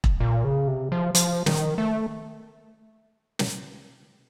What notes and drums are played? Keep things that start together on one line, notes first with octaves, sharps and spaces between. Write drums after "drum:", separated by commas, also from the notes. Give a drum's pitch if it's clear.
drum: kick E1
A#2
C#3
C3
F3
F3, drum: hi-hat
D#3, drum: snare
A3
drum: snare